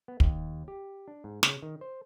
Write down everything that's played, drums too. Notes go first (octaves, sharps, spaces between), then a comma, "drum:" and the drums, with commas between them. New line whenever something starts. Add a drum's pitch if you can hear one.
B3
D#2, drum: kick
G4
D4
G#2
C#3, drum: snare
D#3
C5